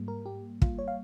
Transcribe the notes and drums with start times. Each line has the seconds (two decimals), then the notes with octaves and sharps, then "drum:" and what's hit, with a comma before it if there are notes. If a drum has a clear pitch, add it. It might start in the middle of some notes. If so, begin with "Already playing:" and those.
Already playing: G#2 G3 A#3
0.08 A#4
0.26 G4
0.62 F4, drum: kick
0.79 C#5
0.88 F5